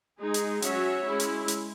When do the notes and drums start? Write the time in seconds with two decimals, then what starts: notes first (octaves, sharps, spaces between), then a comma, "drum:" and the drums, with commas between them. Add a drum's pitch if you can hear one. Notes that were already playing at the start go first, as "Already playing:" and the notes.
0.20 G#3 D#4 G#4
0.34 drum: hi-hat
0.62 F#3 C#4 F#4 C#5 E5, drum: hi-hat
1.06 G#3 C#4 E4
1.20 drum: hi-hat
1.48 drum: hi-hat